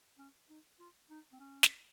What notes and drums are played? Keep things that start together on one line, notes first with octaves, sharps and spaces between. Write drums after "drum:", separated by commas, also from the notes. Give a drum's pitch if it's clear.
C#4
D#4
F4
D#4
C4
C#4
drum: snare